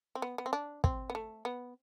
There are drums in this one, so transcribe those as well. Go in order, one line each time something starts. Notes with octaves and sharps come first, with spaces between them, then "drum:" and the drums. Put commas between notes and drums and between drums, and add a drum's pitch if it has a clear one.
C4
B3
B3
C4
D4
C4, drum: kick
B3
A3
B3